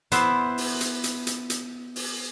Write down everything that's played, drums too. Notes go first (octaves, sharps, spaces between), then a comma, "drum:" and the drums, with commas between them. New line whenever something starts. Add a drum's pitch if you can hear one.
B3 E4 C5, drum: hi-hat
drum: open hi-hat
drum: hi-hat
drum: hi-hat
drum: hi-hat
drum: hi-hat
drum: open hi-hat